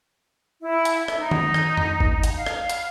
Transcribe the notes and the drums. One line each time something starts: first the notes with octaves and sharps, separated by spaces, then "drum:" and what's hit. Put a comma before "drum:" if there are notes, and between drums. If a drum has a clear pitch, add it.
E4
drum: hi-hat
drum: rim click
D#4
drum: tom D#3
drum: rim click
drum: tom F2
drum: kick G1
drum: hi-hat
F5
drum: rim click
drum: hi-hat